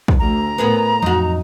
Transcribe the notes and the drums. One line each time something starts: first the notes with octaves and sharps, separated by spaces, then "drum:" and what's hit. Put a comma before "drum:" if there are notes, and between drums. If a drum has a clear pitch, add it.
drum: kick
D2 A#5
A2 B3 G#4 A#4
F2 F#3 D#4 F#4